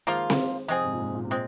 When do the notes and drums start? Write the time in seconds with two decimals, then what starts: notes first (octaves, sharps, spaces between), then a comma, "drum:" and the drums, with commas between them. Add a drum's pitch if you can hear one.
0.07 D#3 F3 G#3 A#3 F4
0.30 drum: snare C4
0.68 C3 F3 G#3 C4 G#4
0.84 G#2 C3
0.93 A#2
1.00 G#2
1.15 A#2
1.24 C3
1.30 A#2 G#3 C4